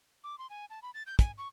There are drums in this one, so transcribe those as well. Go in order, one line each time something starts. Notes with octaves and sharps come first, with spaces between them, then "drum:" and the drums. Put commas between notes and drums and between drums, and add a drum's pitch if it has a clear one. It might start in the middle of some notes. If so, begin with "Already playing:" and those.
D6
C6
G#5
A5
B5
A6
G6
G#5, drum: kick, hi-hat
C#6